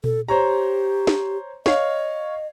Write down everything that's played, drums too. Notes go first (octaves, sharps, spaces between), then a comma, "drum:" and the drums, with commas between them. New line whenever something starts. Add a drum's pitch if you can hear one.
A4, drum: tom A#2
G4 C5 C#5 A#5
drum: snare
C#5 D#5 F5, drum: snare